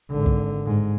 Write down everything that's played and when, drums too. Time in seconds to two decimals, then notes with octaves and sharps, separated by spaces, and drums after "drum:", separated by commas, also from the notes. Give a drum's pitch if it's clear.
0.11 G#1 D3
0.26 drum: kick
0.66 G#2